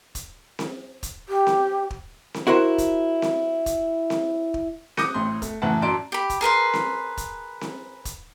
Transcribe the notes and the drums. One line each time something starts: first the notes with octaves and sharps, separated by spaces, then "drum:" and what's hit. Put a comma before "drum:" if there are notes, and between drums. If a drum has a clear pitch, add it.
drum: kick, hi-hat
drum: snare C4
drum: kick, hi-hat
G4
drum: snare C4
drum: kick
drum: snare C4
E4 F#4 A#4 C5
drum: kick, hi-hat
drum: snare C4
drum: kick, hi-hat
drum: snare C4
drum: kick
D6 D#6 G6 A#6 C#7 D#7, drum: snare C4
A1 A2 C6
A3, drum: kick, hi-hat
F#1 A2 E3 B4 F#5 A5
F#2 D5 A5 C6 D7
G4 B5
drum: kick, hi-hat
G#4 A#4 B4 C6
drum: snare C4
drum: kick, hi-hat
drum: snare C4
drum: kick, hi-hat